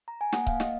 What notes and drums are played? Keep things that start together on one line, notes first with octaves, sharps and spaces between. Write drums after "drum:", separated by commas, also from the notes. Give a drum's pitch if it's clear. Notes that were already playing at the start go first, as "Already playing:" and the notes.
A#5
G#5
A#3 F#5, drum: snare
F5, drum: kick C#1
A#3
D#5, drum: snare